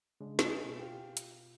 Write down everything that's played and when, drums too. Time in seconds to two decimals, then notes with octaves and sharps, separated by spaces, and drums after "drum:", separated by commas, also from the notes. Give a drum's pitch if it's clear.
0.20 C#3 G#3 D4
0.39 G4 D#5 G#5 E7, drum: snare
0.64 B2
0.79 F4 G4
1.17 drum: hi-hat